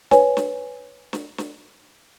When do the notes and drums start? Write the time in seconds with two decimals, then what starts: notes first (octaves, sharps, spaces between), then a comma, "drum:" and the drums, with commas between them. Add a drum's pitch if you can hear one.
0.11 B4 C#5 G#5, drum: snare
0.37 drum: snare
1.13 drum: snare
1.38 drum: snare